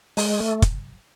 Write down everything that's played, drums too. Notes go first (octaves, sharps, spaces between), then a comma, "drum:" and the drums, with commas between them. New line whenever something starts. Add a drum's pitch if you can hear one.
G#3, drum: open hi-hat
A3
drum: kick, hi-hat